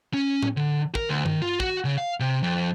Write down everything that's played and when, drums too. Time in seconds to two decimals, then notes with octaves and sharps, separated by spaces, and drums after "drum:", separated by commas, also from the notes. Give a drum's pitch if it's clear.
0.14 C#4
0.42 drum: tom A2
0.57 D3
0.95 A#4, drum: kick
1.09 D2
1.26 D#3, drum: tom G2
1.42 F4
1.60 F#4, drum: kick
1.84 C#3
1.98 F5
2.20 C3
2.43 F2